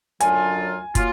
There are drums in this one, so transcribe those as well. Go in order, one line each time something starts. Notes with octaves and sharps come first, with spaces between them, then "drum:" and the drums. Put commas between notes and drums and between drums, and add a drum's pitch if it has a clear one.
F#2 D3 F#3 D4 F4 G#5, drum: hi-hat
F#3 A#3 F4, drum: kick, hi-hat